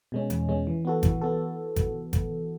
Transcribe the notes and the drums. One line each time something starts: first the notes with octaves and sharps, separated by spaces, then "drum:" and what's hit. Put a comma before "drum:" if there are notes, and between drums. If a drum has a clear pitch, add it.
B2 G#3 C#4
E2, drum: hi-hat
B2 G#3 C#4
E3
B3 F#4 A4
E3, drum: kick, hi-hat
B3 F#4 A4
drum: kick, hi-hat
drum: kick, hi-hat